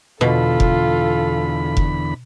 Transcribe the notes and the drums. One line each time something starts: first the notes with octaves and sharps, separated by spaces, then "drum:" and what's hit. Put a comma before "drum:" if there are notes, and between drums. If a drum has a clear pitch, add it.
E2 B2 D3 F4 A4 B5
drum: kick F1
drum: kick F1